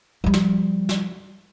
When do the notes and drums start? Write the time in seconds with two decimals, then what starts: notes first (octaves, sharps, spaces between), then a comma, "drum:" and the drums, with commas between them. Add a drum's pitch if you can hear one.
0.24 F3 G3
0.34 drum: snare
0.89 drum: snare